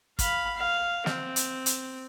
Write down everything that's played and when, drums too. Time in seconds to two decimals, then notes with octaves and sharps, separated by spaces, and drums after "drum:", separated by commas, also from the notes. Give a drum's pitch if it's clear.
0.19 F5 B5, drum: kick, hi-hat
0.56 F5
1.06 C4, drum: snare
1.36 drum: hi-hat
1.66 drum: hi-hat